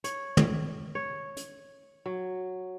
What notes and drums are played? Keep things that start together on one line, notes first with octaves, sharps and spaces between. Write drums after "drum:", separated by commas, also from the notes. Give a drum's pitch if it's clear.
C#5, drum: hi-hat
drum: tom
C#5
drum: hi-hat
F#3